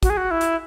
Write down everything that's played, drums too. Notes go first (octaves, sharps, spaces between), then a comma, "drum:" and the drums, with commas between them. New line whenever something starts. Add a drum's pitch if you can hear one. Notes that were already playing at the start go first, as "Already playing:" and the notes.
F#4, drum: kick, hi-hat
G#4
F#4
E4
drum: hi-hat